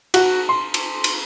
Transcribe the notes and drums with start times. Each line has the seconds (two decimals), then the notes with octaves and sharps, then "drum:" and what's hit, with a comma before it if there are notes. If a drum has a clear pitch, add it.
0.14 F#4, drum: cymbal
0.49 C6
0.74 drum: cymbal
1.04 drum: cymbal